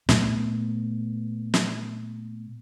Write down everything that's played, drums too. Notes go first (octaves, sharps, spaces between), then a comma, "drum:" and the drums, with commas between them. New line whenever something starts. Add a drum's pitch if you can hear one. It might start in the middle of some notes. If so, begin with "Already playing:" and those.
A#2 A3 B3, drum: snare
drum: snare